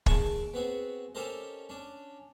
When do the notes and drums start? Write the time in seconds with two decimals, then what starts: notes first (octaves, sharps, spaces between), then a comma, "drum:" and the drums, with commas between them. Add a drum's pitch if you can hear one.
0.06 D#2 G#3 G#4 G#5 A5 C#6, drum: kick
0.54 B3 C4 F#4 G#4
1.15 C#4 G4 A4 A#4 C5 D#5
1.69 C#4 D4